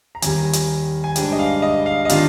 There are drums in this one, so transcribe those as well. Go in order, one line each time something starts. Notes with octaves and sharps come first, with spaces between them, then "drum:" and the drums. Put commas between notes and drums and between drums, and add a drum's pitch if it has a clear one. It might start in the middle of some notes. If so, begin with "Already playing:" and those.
A#5
D#2 D#3 G3 G#5, drum: hi-hat
drum: hi-hat
G#5
G#2 G3 D4 G5, drum: hi-hat
D#5
F5
D#5
F5
D#5
D#3 G3 D4 F4 F5, drum: hi-hat